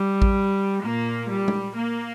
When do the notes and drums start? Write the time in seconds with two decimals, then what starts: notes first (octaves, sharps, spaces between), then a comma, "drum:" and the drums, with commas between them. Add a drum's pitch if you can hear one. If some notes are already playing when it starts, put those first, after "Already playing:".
Already playing: G3
0.22 drum: kick A1
0.83 A#2 A#3
1.30 G3
1.48 drum: tom G#3
1.76 A#3